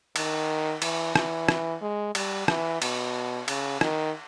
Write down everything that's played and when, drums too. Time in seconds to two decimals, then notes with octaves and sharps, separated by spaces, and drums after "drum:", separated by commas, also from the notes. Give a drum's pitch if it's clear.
0.16 D#3, drum: cymbal
0.82 E3, drum: cymbal
1.16 E3, drum: rim click
1.48 drum: rim click
1.81 G#3
2.15 G3, drum: cymbal
2.48 E3, drum: rim click
2.82 B2, drum: cymbal
3.48 C#3, drum: cymbal
3.81 D#3, drum: rim click